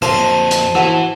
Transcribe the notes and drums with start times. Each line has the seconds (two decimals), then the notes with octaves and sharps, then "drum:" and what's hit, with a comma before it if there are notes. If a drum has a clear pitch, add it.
0.02 F2 A#3 C5 A5, drum: rim click
0.51 drum: hi-hat
0.75 E3 F#4, drum: rim click